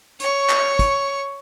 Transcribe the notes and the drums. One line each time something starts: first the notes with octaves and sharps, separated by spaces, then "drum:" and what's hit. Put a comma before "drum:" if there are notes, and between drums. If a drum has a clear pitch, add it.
C#5 C#6, drum: hi-hat
drum: clap
drum: kick, hi-hat